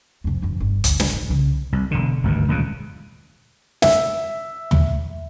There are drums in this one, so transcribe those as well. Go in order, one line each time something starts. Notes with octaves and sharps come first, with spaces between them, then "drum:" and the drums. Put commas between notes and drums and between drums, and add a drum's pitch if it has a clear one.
F2 C3
G1 F2
G1
D2, drum: hi-hat
drum: snare
G#2 D#3
C2 C#3
C2
E1 D3
G#1 D2 G2
D#1 C#2 C#3
E5, drum: snare
drum: tom